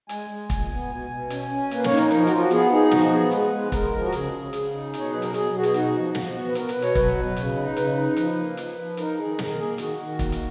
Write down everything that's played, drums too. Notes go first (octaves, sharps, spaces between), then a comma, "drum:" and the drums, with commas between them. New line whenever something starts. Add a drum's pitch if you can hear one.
G#3 G#5, drum: hi-hat
G#3
A#2, drum: kick, hi-hat
B3
B2
B2
C#4, drum: hi-hat
C#4
A#3 B4, drum: hi-hat
C#5, drum: snare
D#4
A#4, drum: hi-hat
B4
F3 A#4, drum: hi-hat
A#4
F#4, drum: hi-hat
F3 F4
F#4
B3 G#4, drum: hi-hat
D#4 G#4
F3 F#4, drum: snare
B3 G#4
G#3 B4, drum: hi-hat
G#3
G#3 A#4, drum: kick, hi-hat
F3
F#4
C#3 G#4, drum: hi-hat
C#3
C#3 G#4, drum: hi-hat
D#4
B2, drum: hi-hat
C#5
F#3 B4
A#4, drum: hi-hat
B2 G#4, drum: hi-hat
B2 F#4
G#4, drum: hi-hat
D#4 F#4, drum: hi-hat
F3
F3, drum: snare
B3
B4
B2 A#4, drum: hi-hat
B4, drum: hi-hat
B2
C#5, drum: hi-hat
F#3 B4, drum: kick, hi-hat
B2
C#3, drum: hi-hat
D#4
C#3 B4, drum: hi-hat
D#4
F3 B4, drum: hi-hat
A#3
F3, drum: hi-hat
F3
D#4 A#4, drum: hi-hat
D#3 G#4
D#3 A#4, drum: snare
A#3 G#4
D#3 F#4, drum: hi-hat
D#3
A#3, drum: kick, hi-hat
drum: hi-hat